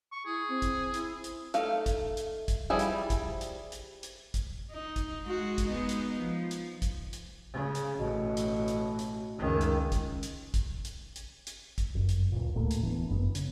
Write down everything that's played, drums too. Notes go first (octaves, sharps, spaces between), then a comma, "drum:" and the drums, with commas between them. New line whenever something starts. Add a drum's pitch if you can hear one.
C#6
E4 G#4
C4
drum: kick, hi-hat
E4, drum: hi-hat
drum: hi-hat
A3 D#4 F5, drum: hi-hat
drum: kick, hi-hat
drum: hi-hat
drum: kick, hi-hat
F3 G3 E4 G#4
drum: hi-hat
drum: kick, hi-hat
drum: hi-hat
drum: hi-hat
drum: hi-hat
drum: kick, hi-hat
D#4
drum: kick, hi-hat
G#3 F#4
drum: kick, hi-hat
G#3 B3 D#4
drum: hi-hat
F3
drum: hi-hat
drum: kick, hi-hat
drum: hi-hat
C#3
drum: hi-hat
A1 B2
drum: hi-hat
drum: hi-hat
drum: hi-hat
C#2 F#2 D#3
drum: hi-hat
drum: kick, hi-hat
drum: hi-hat
drum: kick, hi-hat
drum: hi-hat
drum: hi-hat
drum: hi-hat
drum: kick, hi-hat
G1 F#2
drum: hi-hat
D1 G#1 A#2
D2 A2 A3 A#3
drum: hi-hat
E1 E3 B3 D4
G1 F#2 D3 B3
C#3, drum: hi-hat